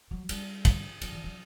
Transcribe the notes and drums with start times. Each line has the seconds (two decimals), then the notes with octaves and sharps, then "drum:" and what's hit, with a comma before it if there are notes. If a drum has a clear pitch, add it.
0.11 F#3
0.29 G3, drum: cymbal
0.65 drum: kick, cymbal
1.02 F#3, drum: cymbal
1.12 E3
1.24 F#3